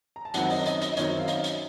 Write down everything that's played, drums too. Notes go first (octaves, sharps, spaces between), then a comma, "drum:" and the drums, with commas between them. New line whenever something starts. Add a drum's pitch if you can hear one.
A#5
A5
F#2 D#3 F#3 C4 F#5, drum: hi-hat
D#5, drum: open hi-hat
D#5, drum: hi-hat
D#5, drum: hi-hat
F#2 D#3 F#3 C4 C#5, drum: hi-hat
F5
D#5, drum: hi-hat
drum: hi-hat